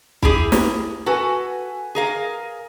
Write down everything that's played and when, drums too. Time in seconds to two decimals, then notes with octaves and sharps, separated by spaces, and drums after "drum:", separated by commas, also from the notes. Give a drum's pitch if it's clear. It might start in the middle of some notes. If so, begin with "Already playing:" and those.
0.22 E4 G4 G#4, drum: kick
0.52 drum: snare
1.06 F#4 A4 B4 G#5
1.95 G#4 A#4 F5